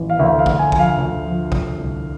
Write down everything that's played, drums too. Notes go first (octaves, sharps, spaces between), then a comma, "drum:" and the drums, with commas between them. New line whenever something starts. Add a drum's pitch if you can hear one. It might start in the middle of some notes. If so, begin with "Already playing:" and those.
Already playing: A1
F5
D2 E5
F5
D2, drum: kick A1
G#5
F3 G#5, drum: kick A1
F5
D2
F3
D2, drum: kick A1
C2